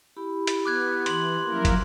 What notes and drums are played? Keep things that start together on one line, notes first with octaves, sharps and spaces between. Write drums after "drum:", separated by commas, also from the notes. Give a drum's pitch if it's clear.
E4 G4 B5
drum: hi-hat
B3 D6 F#6 G#6
E3 C6 F#7, drum: hi-hat
F3 F#3 A#3 C#4 E4 A#4
drum: kick, hi-hat